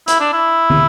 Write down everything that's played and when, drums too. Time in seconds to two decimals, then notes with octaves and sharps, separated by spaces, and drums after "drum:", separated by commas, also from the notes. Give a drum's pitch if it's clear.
0.08 E4, drum: hi-hat
0.20 D4
0.33 E4
0.70 drum: tom